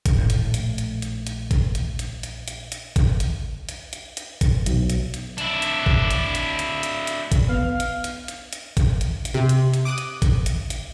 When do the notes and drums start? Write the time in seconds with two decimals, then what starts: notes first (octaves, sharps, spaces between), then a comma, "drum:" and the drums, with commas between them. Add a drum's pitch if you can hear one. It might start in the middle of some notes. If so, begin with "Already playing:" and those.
0.06 drum: kick, hi-hat
0.18 A#1 A2
0.30 drum: hi-hat
0.54 drum: hi-hat
0.78 drum: hi-hat
1.02 drum: hi-hat
1.27 drum: hi-hat
1.51 drum: kick, hi-hat
1.75 drum: hi-hat
1.99 drum: hi-hat
2.23 drum: hi-hat
2.48 drum: hi-hat
2.72 drum: hi-hat
2.96 drum: kick, hi-hat
3.20 drum: hi-hat
3.69 drum: hi-hat
3.93 drum: hi-hat
4.17 drum: hi-hat
4.41 drum: kick, hi-hat
4.66 B1, drum: hi-hat
4.90 drum: hi-hat
5.14 drum: hi-hat
5.38 D4 E4, drum: hi-hat
5.62 drum: hi-hat
5.86 drum: kick
6.11 drum: hi-hat
6.35 drum: hi-hat
6.59 drum: hi-hat
6.83 drum: hi-hat
7.07 drum: hi-hat
7.32 drum: kick, hi-hat
7.49 B3 F5 F6
7.80 drum: hi-hat
8.04 drum: hi-hat
8.28 drum: hi-hat
8.53 drum: hi-hat
8.77 drum: kick, hi-hat
9.01 drum: hi-hat
9.25 drum: hi-hat
9.34 C3
9.49 drum: hi-hat
9.74 drum: hi-hat
9.85 D6 D#6 F#6 D#7
9.98 drum: hi-hat
10.22 drum: kick, hi-hat
10.46 drum: hi-hat
10.70 drum: hi-hat